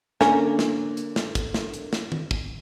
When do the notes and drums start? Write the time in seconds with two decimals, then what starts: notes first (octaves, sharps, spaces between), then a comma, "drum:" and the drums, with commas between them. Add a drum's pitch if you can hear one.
0.21 D3 A#3 C#4 A#4, drum: snare
0.59 drum: snare
0.97 drum: hi-hat
1.16 drum: snare
1.35 drum: kick, hi-hat
1.54 drum: snare
1.74 drum: hi-hat
1.93 drum: snare
2.12 drum: tom D#3
2.31 drum: kick